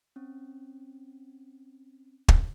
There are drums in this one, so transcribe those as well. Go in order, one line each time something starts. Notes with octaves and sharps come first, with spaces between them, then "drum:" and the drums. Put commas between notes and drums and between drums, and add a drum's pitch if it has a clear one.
C4 C#4
drum: kick